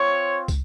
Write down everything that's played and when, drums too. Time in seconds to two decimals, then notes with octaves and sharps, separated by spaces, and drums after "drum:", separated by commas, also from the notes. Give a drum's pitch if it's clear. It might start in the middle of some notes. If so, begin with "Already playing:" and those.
Already playing: C4 F4 C#5
0.48 drum: kick, tambourine